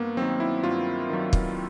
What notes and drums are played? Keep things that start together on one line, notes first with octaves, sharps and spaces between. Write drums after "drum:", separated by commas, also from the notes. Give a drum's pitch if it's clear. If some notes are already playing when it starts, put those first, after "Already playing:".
Already playing: G2 A#3 B3
D#3 F#3 C4
E4
G2 F4
D#3 F#3
drum: kick